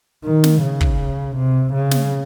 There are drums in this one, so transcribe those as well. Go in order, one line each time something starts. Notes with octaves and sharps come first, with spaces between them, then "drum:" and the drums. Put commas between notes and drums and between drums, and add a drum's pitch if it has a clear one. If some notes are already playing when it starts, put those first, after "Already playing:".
D#3
drum: snare
C#3
drum: kick
C3
C#3
drum: snare